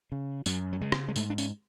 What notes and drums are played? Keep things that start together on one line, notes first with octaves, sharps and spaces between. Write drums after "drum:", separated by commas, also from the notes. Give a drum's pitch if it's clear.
C#3
F#2 F#3, drum: tambourine
F#3
C#3 G#3
drum: rim click
G#3
G#2 A3, drum: tambourine
D4
C#4, drum: tambourine